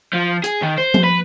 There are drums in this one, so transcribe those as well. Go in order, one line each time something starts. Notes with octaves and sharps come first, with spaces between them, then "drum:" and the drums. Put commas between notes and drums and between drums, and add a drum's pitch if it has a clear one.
F3
G#4, drum: hi-hat
D#3
C5
drum: tom F3
B4